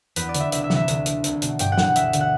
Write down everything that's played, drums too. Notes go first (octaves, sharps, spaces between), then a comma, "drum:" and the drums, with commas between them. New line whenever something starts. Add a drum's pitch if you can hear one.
E2 B4, drum: hi-hat
D5
D3, drum: hi-hat
E5
C2 E5, drum: hi-hat
E5
C3 E3, drum: snare
E5
D2, drum: hi-hat
D3, drum: hi-hat
C2, drum: hi-hat
B2, drum: hi-hat
G2 G5, drum: hi-hat
F#5
E3, drum: snare
F#5
D2 E5, drum: hi-hat
D3, drum: hi-hat
F#5